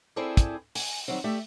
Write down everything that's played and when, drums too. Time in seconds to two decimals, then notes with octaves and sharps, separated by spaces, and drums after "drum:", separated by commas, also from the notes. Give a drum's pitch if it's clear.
0.16 C4 E4 G#4 A4 C5 D5
0.37 drum: kick, hi-hat
0.75 G#5, drum: open hi-hat
1.08 D#3 F#3 G3 C4
1.24 A3 G4 D5 E5